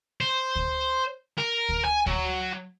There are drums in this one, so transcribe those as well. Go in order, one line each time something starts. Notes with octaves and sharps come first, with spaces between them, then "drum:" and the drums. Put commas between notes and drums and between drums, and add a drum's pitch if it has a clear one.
C5
drum: kick D2
A#4
drum: kick D2
G#5
F#3, drum: kick D2